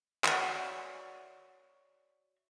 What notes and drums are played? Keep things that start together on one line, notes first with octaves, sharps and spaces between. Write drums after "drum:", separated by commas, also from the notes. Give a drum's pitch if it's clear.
F#4 A#4 C#5 D5 E5 F#5, drum: clap